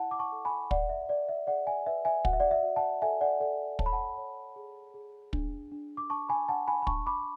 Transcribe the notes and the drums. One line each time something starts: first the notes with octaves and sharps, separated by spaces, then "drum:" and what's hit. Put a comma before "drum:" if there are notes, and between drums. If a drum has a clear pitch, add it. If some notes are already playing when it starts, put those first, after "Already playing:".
Already playing: E4 D5 F#5 A5
D6
A5 C#6
A4
G#5 B5
D5 F#5, drum: kick
E5
B4 D5
E5
G#4 D5 F#5
E5 G#5
B4 E5
E5 G#5
F#4 F#5, drum: kick
E5
D5 F#5
E5
F#4
F#5 A5
A4 E5 G#5
D5 F#5
A4 D5 F#5
C#5 A5, drum: kick
B5
F#5 A5
C#5
G#4
G#4
D4, drum: kick
D4
D6
D4 A5 C#6
G#5 B5
D4 F#5 A5
G#5 B5
B5
D4 A5 C#6, drum: kick
B5 D6